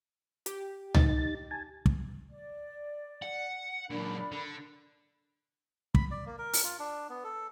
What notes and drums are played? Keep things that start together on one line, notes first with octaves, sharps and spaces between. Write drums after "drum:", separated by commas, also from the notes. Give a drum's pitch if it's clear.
G4, drum: hi-hat
D#4 A6, drum: tom C#2
G#5 A5
drum: kick
D5
F#5
F#2 A#2 D4 A#4 B5
D3
B5, drum: kick
D5
A#3
A#4
drum: open hi-hat
F4
D4
B3
A4